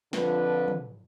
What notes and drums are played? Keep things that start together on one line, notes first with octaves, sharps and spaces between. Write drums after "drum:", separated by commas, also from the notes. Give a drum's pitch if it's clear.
F2 D3 F3 B4, drum: snare
drum: tom